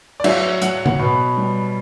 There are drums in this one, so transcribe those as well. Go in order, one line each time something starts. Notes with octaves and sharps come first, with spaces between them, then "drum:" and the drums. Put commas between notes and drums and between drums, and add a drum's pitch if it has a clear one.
D5
F#3 E5, drum: cymbal
F#3 F#5, drum: hi-hat
F#5, drum: tom
B2 B4
G3